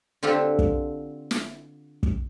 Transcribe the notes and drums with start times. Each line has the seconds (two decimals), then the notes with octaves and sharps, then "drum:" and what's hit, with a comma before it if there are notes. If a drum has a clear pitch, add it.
0.23 D3 C4 F4 G4 A4
0.59 drum: kick
1.31 drum: snare
2.03 drum: kick